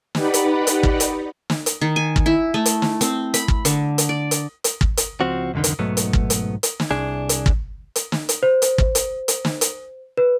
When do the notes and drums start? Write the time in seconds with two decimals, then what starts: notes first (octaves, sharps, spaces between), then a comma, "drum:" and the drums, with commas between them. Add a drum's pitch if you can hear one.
0.15 D#4 G4 B4 D5 F#5 B5, drum: snare
0.34 drum: hi-hat
0.67 drum: hi-hat
0.83 drum: kick
1.00 drum: hi-hat
1.50 drum: snare
1.66 drum: hi-hat
1.81 D#3
1.96 G#5
2.16 drum: kick
2.26 E4
2.54 A3
2.66 drum: hi-hat
2.82 drum: snare
3.01 C4, drum: hi-hat
3.34 B5, drum: hi-hat
3.48 drum: kick
3.65 D3, drum: hi-hat
3.98 drum: hi-hat
4.09 D5
4.31 drum: hi-hat
4.64 drum: hi-hat
4.81 drum: kick
4.97 drum: hi-hat
5.21 C#2 F3 C4 F#4
5.54 C2 F2 D3 D#3
5.64 drum: hi-hat
5.79 B1 G#2 F#3 A3 B3
5.97 drum: hi-hat
6.13 drum: kick
6.30 drum: hi-hat
6.63 drum: hi-hat
6.80 drum: snare
6.91 C2 D4 G#4
7.29 drum: hi-hat
7.46 drum: kick
7.96 drum: hi-hat
8.12 drum: snare
8.29 drum: hi-hat
8.43 C5
8.62 drum: hi-hat
8.78 drum: kick
8.95 drum: hi-hat
9.28 drum: hi-hat
9.45 drum: snare
9.61 drum: hi-hat
10.18 B4